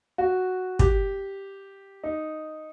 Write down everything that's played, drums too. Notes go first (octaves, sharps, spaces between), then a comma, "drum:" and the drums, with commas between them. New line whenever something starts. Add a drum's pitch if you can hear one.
F#4
G4, drum: kick
D#4